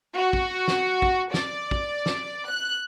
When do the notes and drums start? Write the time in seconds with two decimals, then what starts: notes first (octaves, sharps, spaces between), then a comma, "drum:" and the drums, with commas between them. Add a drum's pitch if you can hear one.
0.16 F#4
0.33 drum: kick
0.68 drum: snare
1.02 drum: kick
1.34 D5, drum: snare
1.71 drum: kick
2.06 drum: snare
2.49 F#6